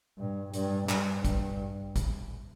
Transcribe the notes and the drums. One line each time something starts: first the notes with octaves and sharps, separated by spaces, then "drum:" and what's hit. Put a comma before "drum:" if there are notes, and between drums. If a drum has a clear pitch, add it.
G2
G2, drum: hi-hat
G2, drum: clap
G2, drum: kick, hi-hat
drum: kick, hi-hat